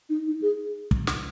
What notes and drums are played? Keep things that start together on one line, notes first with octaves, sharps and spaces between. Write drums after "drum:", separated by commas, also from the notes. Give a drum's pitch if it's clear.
D#4
D#4
G#4
drum: kick
drum: snare